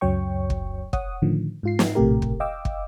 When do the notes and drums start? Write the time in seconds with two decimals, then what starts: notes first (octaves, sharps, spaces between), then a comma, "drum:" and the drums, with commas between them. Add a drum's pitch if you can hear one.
0.01 C#2 F#2 F#3 C#5 G5 C#6
0.50 drum: kick
0.93 C#5 F#5 D#6, drum: kick
1.22 A2 D3 D#3 F3
1.63 G#2 F4 C7
1.79 drum: snare
1.95 A#1 A2 C3 A3 G4 A#4
2.22 drum: kick
2.40 D#5 F5 G5 D6 E6
2.65 drum: kick